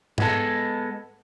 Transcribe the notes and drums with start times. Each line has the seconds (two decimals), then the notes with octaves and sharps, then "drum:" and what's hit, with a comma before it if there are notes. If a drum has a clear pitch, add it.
0.18 G#3 B3 A4, drum: tom G#2